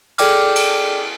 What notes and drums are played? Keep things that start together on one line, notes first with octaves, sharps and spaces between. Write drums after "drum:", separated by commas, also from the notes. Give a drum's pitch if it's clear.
G#4 A4 D5 G5 D6 F6, drum: cymbal
drum: cymbal